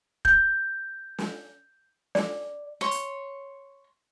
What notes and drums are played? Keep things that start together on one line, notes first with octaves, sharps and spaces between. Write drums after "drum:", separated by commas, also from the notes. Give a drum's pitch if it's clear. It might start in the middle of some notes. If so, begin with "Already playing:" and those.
G6, drum: kick
drum: snare
D5, drum: snare
C#5 C6
drum: hi-hat